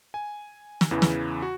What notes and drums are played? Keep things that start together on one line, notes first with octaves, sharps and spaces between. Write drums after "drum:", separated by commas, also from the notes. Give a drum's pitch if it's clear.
G#5
drum: snare
E2 C#3 E3
drum: snare
F#4